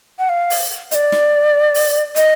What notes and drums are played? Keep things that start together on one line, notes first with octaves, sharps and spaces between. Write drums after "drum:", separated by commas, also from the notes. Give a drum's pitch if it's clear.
F#5
F5
drum: open hi-hat
D#5, drum: hi-hat
D5
drum: snare
drum: open hi-hat
D#5, drum: hi-hat